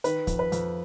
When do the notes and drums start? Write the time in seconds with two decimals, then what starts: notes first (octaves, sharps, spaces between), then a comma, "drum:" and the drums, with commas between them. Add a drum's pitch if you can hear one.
0.04 D#3 B4, drum: hi-hat
0.27 F2, drum: kick, hi-hat
0.39 B4
0.52 F2, drum: hi-hat